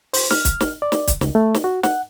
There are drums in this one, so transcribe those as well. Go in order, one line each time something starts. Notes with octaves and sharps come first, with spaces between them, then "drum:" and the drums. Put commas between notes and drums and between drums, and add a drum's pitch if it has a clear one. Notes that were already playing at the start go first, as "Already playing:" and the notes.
C5, drum: open hi-hat
F6, drum: snare
drum: kick, hi-hat
drum: snare
D5
drum: snare
drum: kick, hi-hat
C#2, drum: snare
A3
drum: snare
F#4
F#5, drum: snare